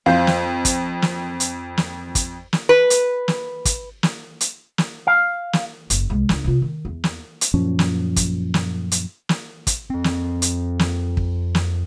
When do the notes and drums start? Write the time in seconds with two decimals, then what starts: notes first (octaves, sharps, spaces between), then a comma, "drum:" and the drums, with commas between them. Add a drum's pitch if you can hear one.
0.06 F2 F4 C5 F5
0.27 drum: snare
0.65 drum: kick, hi-hat
1.02 drum: snare
1.40 drum: hi-hat
1.77 drum: snare
2.15 drum: kick, hi-hat
2.53 drum: snare
2.69 B4
2.90 drum: hi-hat
3.28 drum: snare
3.65 drum: kick, hi-hat
4.03 drum: snare
4.41 drum: hi-hat
4.78 drum: snare
5.07 F5
5.53 drum: snare
5.90 F#1, drum: hi-hat
6.10 C2 G#3
6.29 C#2 D4, drum: snare
6.44 C3 F4
6.62 D#3
6.85 E2
7.04 drum: snare
7.41 drum: hi-hat
7.54 F#2 A#2 F3 C#4
7.79 drum: snare
8.16 drum: kick, hi-hat
8.54 drum: snare
8.92 drum: hi-hat
9.29 drum: snare
9.67 drum: kick, hi-hat
9.90 F2 C4
10.04 drum: snare
10.42 drum: hi-hat
10.79 drum: snare
11.17 drum: kick
11.55 drum: snare